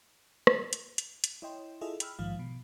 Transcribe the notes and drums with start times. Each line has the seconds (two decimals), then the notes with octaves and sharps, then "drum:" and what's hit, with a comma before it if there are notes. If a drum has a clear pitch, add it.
0.47 drum: rim click
0.73 drum: hi-hat
0.98 drum: hi-hat
1.24 drum: hi-hat
1.42 E4 C#5 D#5 G5 C6
1.81 E4 F4 G#4 A4 D#5 E5
2.00 G5 B5 E6 F6, drum: hi-hat
2.19 A#1 G#2 D#3 F3 F5
2.39 B2